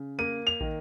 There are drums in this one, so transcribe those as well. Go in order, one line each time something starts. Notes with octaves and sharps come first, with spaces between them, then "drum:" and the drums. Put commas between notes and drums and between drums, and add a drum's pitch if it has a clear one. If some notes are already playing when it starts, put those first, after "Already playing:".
Already playing: C#3
A#3 D#7
F7
D#3, drum: kick